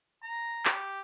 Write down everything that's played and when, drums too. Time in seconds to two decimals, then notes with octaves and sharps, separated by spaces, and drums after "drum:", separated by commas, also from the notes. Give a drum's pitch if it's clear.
0.23 A#5
0.65 G4, drum: clap